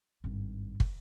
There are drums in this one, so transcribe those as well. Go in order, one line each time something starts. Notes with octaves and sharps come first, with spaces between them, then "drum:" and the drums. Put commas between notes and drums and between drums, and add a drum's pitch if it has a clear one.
G#1 G2
drum: kick